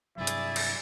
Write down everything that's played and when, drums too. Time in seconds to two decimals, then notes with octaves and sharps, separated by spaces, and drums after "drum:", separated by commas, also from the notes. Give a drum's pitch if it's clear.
0.18 G2 C3 F#3 E4 G#4 D5 E5 A6
0.27 drum: hi-hat
0.56 drum: cymbal